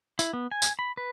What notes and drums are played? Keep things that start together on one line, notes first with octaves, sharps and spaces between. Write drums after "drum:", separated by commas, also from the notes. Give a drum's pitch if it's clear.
E4, drum: tambourine
B3
G#5
drum: tambourine
B5
B4